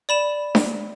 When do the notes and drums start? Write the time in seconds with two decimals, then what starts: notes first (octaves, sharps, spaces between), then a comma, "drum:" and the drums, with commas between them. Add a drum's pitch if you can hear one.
0.09 D5 B5 E7
0.55 drum: snare D4